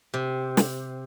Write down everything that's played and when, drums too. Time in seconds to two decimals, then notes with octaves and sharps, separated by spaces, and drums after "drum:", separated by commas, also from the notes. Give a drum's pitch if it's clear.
0.14 C3
0.57 drum: snare